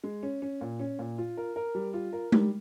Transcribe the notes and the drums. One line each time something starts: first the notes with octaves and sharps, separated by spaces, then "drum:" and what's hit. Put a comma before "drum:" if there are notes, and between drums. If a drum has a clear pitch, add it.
G#3
C#4
C#4
A#2
C#4
A#2
F4
A#4
A#4
G3
F4
A#4
G3, drum: tom G#3